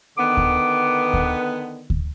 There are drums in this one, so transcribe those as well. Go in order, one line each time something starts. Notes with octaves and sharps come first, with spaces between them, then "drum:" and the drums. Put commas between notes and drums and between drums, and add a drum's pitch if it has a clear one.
D3 D#3 B3 D6
drum: kick D2
drum: kick D2
drum: kick D2